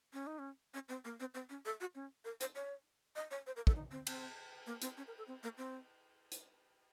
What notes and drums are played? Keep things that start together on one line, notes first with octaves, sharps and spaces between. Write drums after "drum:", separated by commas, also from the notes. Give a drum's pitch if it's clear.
C#4
D#4
C#4
C#4
C4
A#3
C4
C4
C#4
A4
F#4
C#4
A#4
C5, drum: hi-hat
C#5
D#5
C#5
C5
A#4
A4, drum: kick
D#4
C4
C4, drum: cymbal
A#3
C4, drum: hi-hat
C#4
A#4
A4
C4
A#3
C4
drum: hi-hat